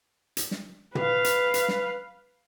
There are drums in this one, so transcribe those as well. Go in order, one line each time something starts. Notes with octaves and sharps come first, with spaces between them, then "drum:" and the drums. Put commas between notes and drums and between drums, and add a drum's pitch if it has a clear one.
drum: hi-hat
drum: snare
B4 F5, drum: tom
drum: hi-hat
drum: hi-hat
drum: snare